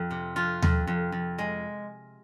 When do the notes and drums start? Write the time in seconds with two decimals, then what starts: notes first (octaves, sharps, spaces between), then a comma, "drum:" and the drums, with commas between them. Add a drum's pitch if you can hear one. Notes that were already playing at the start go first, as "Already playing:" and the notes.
Already playing: F2
0.11 C3
0.36 F2 F4
0.62 F2, drum: tom D#2
0.87 F2
1.12 F2
1.38 G#3